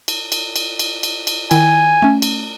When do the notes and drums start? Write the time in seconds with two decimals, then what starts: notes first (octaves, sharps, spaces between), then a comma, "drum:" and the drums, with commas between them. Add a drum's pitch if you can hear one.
0.08 drum: cymbal
0.32 drum: cymbal
0.56 drum: cymbal
0.79 drum: cymbal
1.03 drum: cymbal
1.27 drum: cymbal
1.51 D#3 E4 G5 G#5, drum: cymbal
2.02 A3 C#4
2.22 drum: cymbal